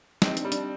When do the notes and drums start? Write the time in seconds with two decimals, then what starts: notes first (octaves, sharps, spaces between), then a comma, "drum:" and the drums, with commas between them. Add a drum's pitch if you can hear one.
0.22 C4 D#4, drum: snare
0.37 D4, drum: hi-hat
0.45 G3
0.52 D4, drum: hi-hat